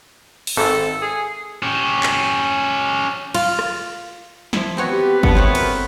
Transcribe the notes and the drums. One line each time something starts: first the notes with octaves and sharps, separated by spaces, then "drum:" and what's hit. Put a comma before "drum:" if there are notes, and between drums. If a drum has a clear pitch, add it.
drum: open hi-hat
G#1 C4 A4
G#4
C#4 G4
drum: clap
F4, drum: cymbal
drum: rim click
F3 E4, drum: snare
B3 C4 F#4 C#5
G4
B3 D4, drum: kick G1
A3 C4 E4 F#4 C#5
F#4 A#4, drum: cymbal